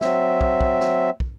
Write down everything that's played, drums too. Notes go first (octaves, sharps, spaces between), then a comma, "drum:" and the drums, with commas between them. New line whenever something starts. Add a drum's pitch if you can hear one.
F#3 C4 E5, drum: snare
drum: kick
drum: kick
drum: snare
drum: kick